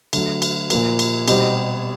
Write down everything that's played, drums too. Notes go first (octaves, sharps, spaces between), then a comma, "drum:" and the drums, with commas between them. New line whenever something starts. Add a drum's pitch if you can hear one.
D3 F#3 A3, drum: cymbal
drum: cymbal
A#2 F3 A#3, drum: cymbal
drum: cymbal
B2 G3 C4 D#4 G4, drum: cymbal